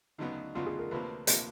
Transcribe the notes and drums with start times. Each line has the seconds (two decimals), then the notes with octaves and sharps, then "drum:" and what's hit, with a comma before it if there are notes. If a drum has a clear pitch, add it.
0.18 D2 C#3 F#3 B3 D#4
0.55 D2 C#3 F#3 B3 F4
0.66 G#4
0.79 A#4
0.91 D2 C3 F3 A#3 B4
1.27 C3 F3 A#3, drum: hi-hat